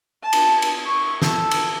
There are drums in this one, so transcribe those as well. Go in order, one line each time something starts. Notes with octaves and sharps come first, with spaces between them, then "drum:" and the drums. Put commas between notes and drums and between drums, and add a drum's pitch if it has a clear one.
A5
drum: cymbal
drum: cymbal
C#6
A4, drum: snare
drum: cymbal